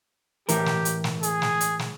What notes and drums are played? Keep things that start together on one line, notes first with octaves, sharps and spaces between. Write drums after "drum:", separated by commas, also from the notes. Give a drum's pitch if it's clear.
A2 E3 G4 A#4, drum: hi-hat
drum: snare
drum: hi-hat
drum: snare
G#4, drum: hi-hat
drum: snare
drum: hi-hat
drum: snare